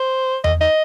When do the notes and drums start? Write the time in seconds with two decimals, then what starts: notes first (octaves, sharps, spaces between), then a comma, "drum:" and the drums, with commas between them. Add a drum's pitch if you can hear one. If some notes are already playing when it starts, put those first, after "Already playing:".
Already playing: C5
0.44 D#5, drum: tom E2
0.61 D#5